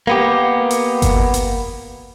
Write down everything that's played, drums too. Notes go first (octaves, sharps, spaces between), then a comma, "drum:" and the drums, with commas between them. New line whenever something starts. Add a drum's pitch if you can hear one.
A#3 B3 G4
drum: hi-hat
drum: kick G1, hi-hat
drum: hi-hat